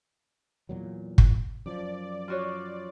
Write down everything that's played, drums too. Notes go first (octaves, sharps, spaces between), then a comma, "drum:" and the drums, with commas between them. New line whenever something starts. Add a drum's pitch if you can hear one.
E2 A#2 F#3
drum: kick
F#2 F3 D5
F4 F#4 C#5